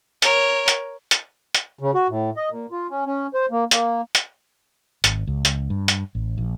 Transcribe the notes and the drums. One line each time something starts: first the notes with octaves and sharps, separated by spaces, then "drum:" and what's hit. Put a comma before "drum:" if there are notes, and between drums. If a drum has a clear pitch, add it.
A#4 C#5, drum: hi-hat
drum: hi-hat
drum: hi-hat
drum: hi-hat
C#3
F#4
A2
D#5
A#2
F4
C#4
C#4
C5
A#3
A#3, drum: hi-hat
drum: hi-hat
G#1, drum: hi-hat
C#2
drum: hi-hat
G2
drum: hi-hat
A1
A#1